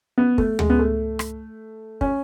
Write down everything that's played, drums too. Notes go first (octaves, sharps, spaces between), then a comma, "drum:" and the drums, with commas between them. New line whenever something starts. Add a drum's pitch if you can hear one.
B3
A3, drum: kick
G#3, drum: tom D2
B3
A3
drum: rim click
C#4, drum: kick